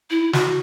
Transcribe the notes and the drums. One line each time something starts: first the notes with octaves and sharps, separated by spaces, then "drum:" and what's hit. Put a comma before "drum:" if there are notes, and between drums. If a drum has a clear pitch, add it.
E4
F#4, drum: snare